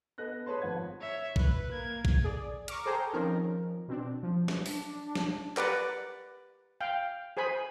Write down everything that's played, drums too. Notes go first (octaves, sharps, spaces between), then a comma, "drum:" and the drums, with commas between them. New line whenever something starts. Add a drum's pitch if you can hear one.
B3 A4 D#5 F#6 A#6
G#4 B4 C#5 A5 C6
G#1 F3 F#5 G#6
C#5 E5
B4, drum: kick
A#3 G#6
drum: kick
G#4 D5
A#5 C#6 D6 F6, drum: hi-hat
G#4 A4 C5 G5 G#5 A#5
D#3 F3 C4 C#4 D#4 A#4
B2 C4 D4
F3
drum: snare
D4, drum: open hi-hat
drum: snare
G4 A#4 B4 D5 F#5 D6, drum: clap
F5 G5
G#4 C5 G#5 B5